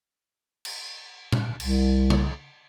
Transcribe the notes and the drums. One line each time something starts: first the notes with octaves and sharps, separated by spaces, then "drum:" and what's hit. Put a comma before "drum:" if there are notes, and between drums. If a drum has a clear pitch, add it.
drum: cymbal
drum: tom A#2
C2, drum: cymbal
drum: tom